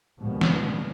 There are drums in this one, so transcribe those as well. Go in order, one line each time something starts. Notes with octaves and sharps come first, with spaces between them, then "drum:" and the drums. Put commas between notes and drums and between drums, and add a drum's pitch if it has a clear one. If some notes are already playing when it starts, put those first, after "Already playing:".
D2 G#2 B2 F3 G3 A#3
drum: snare